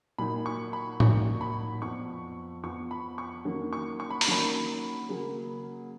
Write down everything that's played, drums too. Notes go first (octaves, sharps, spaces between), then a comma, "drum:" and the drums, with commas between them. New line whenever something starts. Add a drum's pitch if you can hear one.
A#2 F#3 A#3 D#4 B5
C#6
B5
A#2 F#3 A#3 D#4 C#6, drum: tom A2
B5
F2 F3 B3 C#6
F2 F3 B3 C#6
B5
C#6
D#3 F#3 A#3 C#4
C#6
C#6
B5
A#5, drum: open hi-hat
D#3 F#3 A#3 C#4 B5
C#3 F#3 A#3